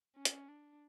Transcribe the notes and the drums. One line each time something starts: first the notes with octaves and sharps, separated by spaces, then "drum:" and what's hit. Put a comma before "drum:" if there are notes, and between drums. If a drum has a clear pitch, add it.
C#4
drum: hi-hat
D4